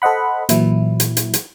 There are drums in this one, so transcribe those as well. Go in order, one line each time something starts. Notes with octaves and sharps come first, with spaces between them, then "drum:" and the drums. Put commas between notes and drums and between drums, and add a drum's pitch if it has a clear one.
A4 C5 D#5 F#5 B5
A#2 E3 F#3 E4, drum: hi-hat
drum: hi-hat
drum: hi-hat
drum: hi-hat